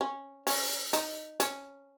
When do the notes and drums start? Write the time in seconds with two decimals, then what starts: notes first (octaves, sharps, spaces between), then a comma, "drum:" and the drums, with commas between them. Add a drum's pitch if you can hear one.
0.01 C#4
0.47 C#4, drum: open hi-hat
0.93 D#4, drum: hi-hat
1.40 C#4, drum: hi-hat